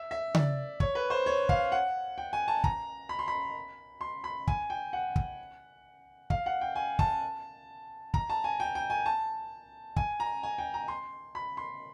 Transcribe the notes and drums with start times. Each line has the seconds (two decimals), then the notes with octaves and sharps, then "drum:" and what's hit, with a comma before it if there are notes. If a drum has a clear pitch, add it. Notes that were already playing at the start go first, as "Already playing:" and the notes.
Already playing: E5
0.11 E5
0.35 D5, drum: tom C#3
0.80 C#5, drum: kick
0.95 B4
1.10 C5
1.26 C#5
1.49 F5, drum: kick
1.72 F#5
2.18 G5
2.33 G#5
2.48 A5
2.64 A#5, drum: kick
3.09 B5
3.19 C6
3.28 B5
4.01 C6
4.24 B5
4.47 G#5, drum: kick
4.70 G5
4.93 F#5
5.16 drum: kick
6.30 F5, drum: kick
6.46 F#5
6.61 G5
6.76 G#5
6.99 A5, drum: kick
8.14 A#5, drum: kick
8.30 A5
8.44 G#5
8.60 G5
8.75 G5
8.90 G#5
9.06 A5
9.96 G#5, drum: kick
10.20 A#5
10.43 G#5
10.58 G5
10.74 A#5
10.88 C6
11.35 B5
11.57 C6